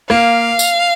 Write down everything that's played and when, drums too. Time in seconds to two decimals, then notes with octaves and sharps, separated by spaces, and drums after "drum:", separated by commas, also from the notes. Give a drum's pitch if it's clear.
0.10 A#3 F5, drum: rim click
0.59 drum: tambourine